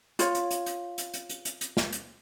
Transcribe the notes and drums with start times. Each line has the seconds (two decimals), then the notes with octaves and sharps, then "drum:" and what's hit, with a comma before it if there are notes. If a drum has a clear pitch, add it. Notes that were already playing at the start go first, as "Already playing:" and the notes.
0.19 F4 C#5, drum: hi-hat
0.35 drum: hi-hat
0.51 drum: hi-hat
0.66 drum: hi-hat
0.98 drum: hi-hat
1.14 drum: hi-hat
1.29 drum: hi-hat
1.45 drum: hi-hat
1.61 drum: hi-hat
1.77 drum: snare
1.93 drum: hi-hat